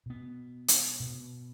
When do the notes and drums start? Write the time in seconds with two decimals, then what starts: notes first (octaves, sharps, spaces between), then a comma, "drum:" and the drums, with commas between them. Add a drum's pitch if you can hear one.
0.06 B2 B3
0.68 drum: hi-hat
1.00 B2 B3